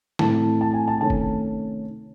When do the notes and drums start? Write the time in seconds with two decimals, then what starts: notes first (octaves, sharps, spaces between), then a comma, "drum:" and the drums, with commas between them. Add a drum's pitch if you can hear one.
0.19 A2 E3 A3 C4 E4 A5, drum: snare
0.61 A5
0.74 G#5
0.88 A5
1.01 C3 D#3 A3 C#4 A5
1.10 drum: kick